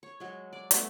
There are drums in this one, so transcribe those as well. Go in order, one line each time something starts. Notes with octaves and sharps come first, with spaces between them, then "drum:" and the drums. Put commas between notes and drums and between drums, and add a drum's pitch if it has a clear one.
C#5
F#3 G#3
D5
G3 A3 B3 C#4, drum: hi-hat